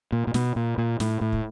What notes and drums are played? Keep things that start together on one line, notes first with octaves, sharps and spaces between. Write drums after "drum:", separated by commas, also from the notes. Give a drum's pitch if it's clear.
A#2
A#2
B2, drum: snare
A#2
A#2
A2, drum: snare
A2
drum: kick